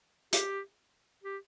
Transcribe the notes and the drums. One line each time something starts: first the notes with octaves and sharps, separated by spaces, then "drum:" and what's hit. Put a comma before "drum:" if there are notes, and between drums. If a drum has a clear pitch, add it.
G4, drum: hi-hat
G4